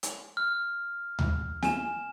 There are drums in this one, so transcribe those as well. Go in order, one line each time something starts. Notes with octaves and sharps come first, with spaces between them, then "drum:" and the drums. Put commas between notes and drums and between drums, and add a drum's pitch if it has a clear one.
drum: hi-hat
F6
drum: tom D2
G#5 E7, drum: snare